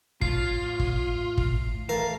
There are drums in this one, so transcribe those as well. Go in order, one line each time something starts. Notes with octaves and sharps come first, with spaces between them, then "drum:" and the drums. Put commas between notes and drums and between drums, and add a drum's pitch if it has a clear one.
A2 F4 C7, drum: kick
drum: kick
drum: kick
E3 A3 A#4 F5